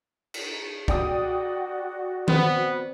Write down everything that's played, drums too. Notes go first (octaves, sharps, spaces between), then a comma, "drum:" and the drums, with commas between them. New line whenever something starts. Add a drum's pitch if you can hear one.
drum: cymbal
F#4 D5 G5 D#6, drum: kick
B3 C4, drum: tom D#3